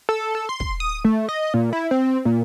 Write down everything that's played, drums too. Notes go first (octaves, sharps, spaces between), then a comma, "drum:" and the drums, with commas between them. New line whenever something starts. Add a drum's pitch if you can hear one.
A4
A4
C6
drum: kick
D#6
A3
D#5
A#2
E4
C4
A#2